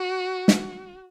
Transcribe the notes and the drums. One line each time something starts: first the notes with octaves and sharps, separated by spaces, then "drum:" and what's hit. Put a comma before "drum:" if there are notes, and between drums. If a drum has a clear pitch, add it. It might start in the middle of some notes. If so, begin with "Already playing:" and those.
Already playing: F#4
drum: snare